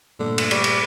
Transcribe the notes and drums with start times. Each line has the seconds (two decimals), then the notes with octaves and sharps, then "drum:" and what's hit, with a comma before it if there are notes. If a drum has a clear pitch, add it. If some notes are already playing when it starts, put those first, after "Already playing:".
0.19 G2 A#2 D3 A3
0.38 drum: cymbal
0.51 G3 D5 B5 C#6, drum: cymbal
0.64 drum: cymbal